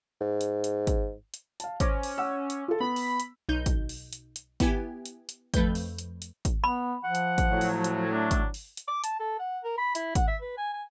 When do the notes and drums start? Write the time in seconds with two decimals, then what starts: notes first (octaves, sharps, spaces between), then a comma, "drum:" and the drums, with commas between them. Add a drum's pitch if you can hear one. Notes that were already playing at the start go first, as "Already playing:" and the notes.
0.21 G#2
0.41 drum: hi-hat
0.64 drum: hi-hat
0.87 drum: kick, hi-hat
1.34 drum: hi-hat
1.60 F5 A5, drum: hi-hat
1.80 C#4 C5 D6 A#6, drum: kick, hi-hat
2.03 drum: open hi-hat
2.18 F#5 D6 E6
2.50 drum: hi-hat
2.68 F4 A4
2.80 B3 B5
2.96 drum: open hi-hat
3.20 drum: hi-hat
3.49 B1 D#4 G6
3.66 drum: kick, hi-hat
3.89 drum: open hi-hat
4.13 drum: hi-hat
4.36 drum: hi-hat
4.60 B3 E4 G4 G#5, drum: kick, hi-hat
5.06 drum: hi-hat
5.29 drum: hi-hat
5.54 F2 A3 B4 G6, drum: kick, hi-hat
5.75 drum: open hi-hat
5.98 drum: hi-hat
6.22 drum: hi-hat
6.45 drum: kick, hi-hat
6.64 B3 B5
7.04 F3 F#5
7.15 drum: hi-hat
7.38 drum: kick, hi-hat
7.50 A2 F#3
7.61 drum: open hi-hat
7.84 drum: hi-hat
8.12 A3 D4
8.31 drum: kick, hi-hat
8.54 drum: open hi-hat
8.77 drum: hi-hat
8.88 D6
9.04 A5, drum: hi-hat
9.19 A4
9.39 F#5
9.64 A#4
9.78 B5
9.95 E4, drum: hi-hat
10.15 F#5, drum: kick, hi-hat
10.28 E5
10.41 B4
10.58 G#5
10.74 G#5